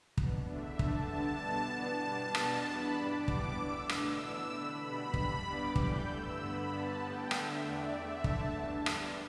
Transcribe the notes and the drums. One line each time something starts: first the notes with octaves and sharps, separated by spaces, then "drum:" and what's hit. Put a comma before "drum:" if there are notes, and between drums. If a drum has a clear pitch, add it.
B2 B3 D4, drum: kick
E2 D3 A3 D4 E5
D3 A3 D4 A5, drum: kick
D3 G3 B3 D4
B2 G3 B3 D4
G2 E3 B3 D4 A5
B2 G3 D4
E2 B2 B3 D4, drum: rim click
E2 E3 B3 D4 B5
G2 G3 D4 D6
A2 E3 G3 B3, drum: kick
D3 A3 D4 E6
B2 A3 D4 E6, drum: rim click
A2 E3 B3 D4
D3 A3 D4 B5
B2 G3 B3
G2 G3 D4, drum: kick
G2 E3 G3 B3 D4 D6
A2 E3 G3 G6, drum: kick
G2 D3 A3 E6
G2 D3 B3 B5
G2 D3 B3 A5
A2 G3 B3 G5
D3 A3 D4 E5, drum: rim click
E2 D3 A3 D4 D5
E2 D3 A3 E5
D3 A3 D4 A5, drum: kick
E2 E3 G3 D4
G2 G3 B3 D4, drum: rim click